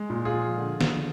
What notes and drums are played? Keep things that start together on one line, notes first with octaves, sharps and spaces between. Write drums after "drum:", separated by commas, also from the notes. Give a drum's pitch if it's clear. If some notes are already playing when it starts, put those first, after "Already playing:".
Already playing: G#3
A#2
F4 G#4
F3
D3
D3, drum: snare